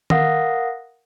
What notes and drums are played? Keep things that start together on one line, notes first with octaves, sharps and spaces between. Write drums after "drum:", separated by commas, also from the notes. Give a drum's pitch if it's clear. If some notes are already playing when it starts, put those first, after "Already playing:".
A#4 F5 F#5 D#6 A#6, drum: tom D#3